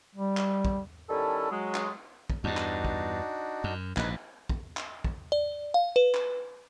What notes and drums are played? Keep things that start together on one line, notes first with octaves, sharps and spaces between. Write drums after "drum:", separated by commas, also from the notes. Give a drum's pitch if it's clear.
G3
drum: clap
drum: kick
D#3 G3 C#4 E4 A4
F#3 G#3
drum: clap
drum: kick
E2 G2 D4 D#4 F#4
drum: clap
drum: kick
F#2
A#1 G#2 D#4 B4, drum: clap
drum: kick
drum: clap
drum: kick
D5
F5
B4
drum: clap